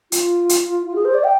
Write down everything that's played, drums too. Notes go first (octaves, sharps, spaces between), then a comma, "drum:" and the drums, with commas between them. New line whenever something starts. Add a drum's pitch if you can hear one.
F4, drum: hi-hat
drum: hi-hat
F4
G#4
C5
D5
G5